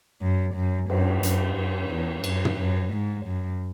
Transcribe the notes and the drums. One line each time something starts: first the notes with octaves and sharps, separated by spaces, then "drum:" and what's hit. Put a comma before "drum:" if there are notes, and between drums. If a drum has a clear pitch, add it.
F#2
F#2
F#2, drum: cymbal
F#2, drum: hi-hat
F#2
E2
F#2, drum: cymbal
drum: tom
F#2
G#2
F#2